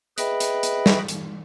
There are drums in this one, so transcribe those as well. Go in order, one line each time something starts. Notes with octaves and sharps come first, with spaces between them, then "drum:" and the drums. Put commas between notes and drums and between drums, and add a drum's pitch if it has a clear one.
G#4 B4 D#5 E5 G5 B5, drum: hi-hat
drum: hi-hat
drum: hi-hat
drum: snare
drum: hi-hat